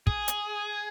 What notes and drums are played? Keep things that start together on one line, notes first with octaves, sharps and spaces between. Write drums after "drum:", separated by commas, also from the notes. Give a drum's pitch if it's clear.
G#4, drum: kick
drum: hi-hat